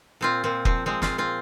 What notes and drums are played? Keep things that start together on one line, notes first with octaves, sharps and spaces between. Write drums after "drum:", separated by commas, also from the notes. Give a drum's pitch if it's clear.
A#2 C4 F4
A#2 C4
F3 C4, drum: kick
G#3 C4
C4 F4, drum: snare
A#2
C4 F4